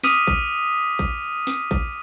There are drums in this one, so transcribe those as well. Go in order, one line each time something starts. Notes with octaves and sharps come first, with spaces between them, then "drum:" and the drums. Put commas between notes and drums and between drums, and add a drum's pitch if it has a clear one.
D6 D#6 F6 B6 D#7, drum: snare
drum: kick A1
drum: kick A1
drum: snare
drum: kick A1